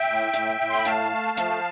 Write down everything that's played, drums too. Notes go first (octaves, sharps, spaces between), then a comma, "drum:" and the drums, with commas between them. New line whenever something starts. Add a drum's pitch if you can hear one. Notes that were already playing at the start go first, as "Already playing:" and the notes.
Already playing: E5 G5
A2
A2, drum: hi-hat
A2
C6
B5
A3 F5 A5, drum: hi-hat
A3
F3, drum: hi-hat